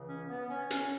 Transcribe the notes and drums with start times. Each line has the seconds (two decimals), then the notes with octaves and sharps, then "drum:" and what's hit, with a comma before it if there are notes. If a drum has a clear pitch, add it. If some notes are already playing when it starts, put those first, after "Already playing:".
Already playing: C#2 C#3 E3
0.09 C#4
0.30 B3
0.49 C#4
0.70 C#4, drum: hi-hat